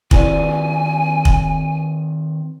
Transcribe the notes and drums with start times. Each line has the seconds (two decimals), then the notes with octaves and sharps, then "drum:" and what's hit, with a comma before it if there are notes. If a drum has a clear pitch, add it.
0.11 D#3 C4 E4 B4 D5 G#5, drum: kick
1.25 drum: kick